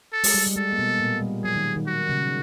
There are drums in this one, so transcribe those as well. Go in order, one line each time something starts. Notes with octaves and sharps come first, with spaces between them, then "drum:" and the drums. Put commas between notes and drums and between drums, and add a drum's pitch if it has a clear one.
A4
G#3, drum: open hi-hat
G3
G3
G#3 A4
A#3
B2 B3
A#2 A#3
G3
F#3 G#4
D#3
D#3
F#4
C#3